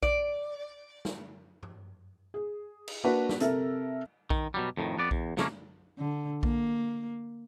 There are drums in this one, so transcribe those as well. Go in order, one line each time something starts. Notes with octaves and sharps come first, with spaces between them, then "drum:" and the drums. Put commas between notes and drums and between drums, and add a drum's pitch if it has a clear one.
D5, drum: kick A#1
drum: snare
drum: tom G2
G#4
drum: cymbal
A#3 D4 F#4 B4
drum: snare
C3 A4 A#4 E5, drum: hi-hat
D#3, drum: kick A#1
B2 F#3 G3
F2 A2 D#3
F2 B3 D5
E2, drum: kick A#1
F2 C#3 A3 A#3 C#4, drum: snare
D3
A#3, drum: kick A#1